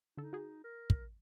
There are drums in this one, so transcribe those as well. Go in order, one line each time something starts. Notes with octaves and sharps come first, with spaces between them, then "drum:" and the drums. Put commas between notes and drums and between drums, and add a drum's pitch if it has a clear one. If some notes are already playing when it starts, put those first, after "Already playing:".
D3 D#4 A4
F#4 G#4
A#4
drum: kick